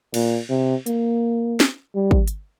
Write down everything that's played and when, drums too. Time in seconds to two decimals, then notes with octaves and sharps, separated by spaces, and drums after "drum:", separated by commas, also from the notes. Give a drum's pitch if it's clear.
0.14 A#2, drum: cymbal
0.50 C3
0.86 A#3, drum: hi-hat
1.60 drum: snare
1.95 G3
2.11 drum: kick
2.28 drum: hi-hat